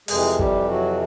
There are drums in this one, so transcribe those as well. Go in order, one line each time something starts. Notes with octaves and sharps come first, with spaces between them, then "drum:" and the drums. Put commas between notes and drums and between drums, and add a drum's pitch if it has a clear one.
F2 C3 E3 G#3 G#4, drum: open hi-hat
G3 G4, drum: kick
F#3 F#4